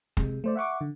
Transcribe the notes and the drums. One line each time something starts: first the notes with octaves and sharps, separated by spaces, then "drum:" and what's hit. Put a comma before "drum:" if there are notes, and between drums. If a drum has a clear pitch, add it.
C3 G#3, drum: kick
A3 C5 D5
E5 F#5 C#6 D6
D3